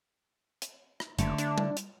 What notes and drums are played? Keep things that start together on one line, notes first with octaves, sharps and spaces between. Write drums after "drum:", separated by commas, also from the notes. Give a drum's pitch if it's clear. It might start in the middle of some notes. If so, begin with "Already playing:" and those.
drum: hi-hat
drum: rim click
F#1 D3 A3, drum: hi-hat
D4, drum: hi-hat
drum: tom G3
drum: hi-hat